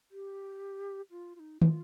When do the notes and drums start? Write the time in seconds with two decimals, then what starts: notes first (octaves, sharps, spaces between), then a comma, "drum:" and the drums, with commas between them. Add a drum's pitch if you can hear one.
0.11 G4
1.11 F4
1.36 F4
1.40 D#4
1.62 F4, drum: tom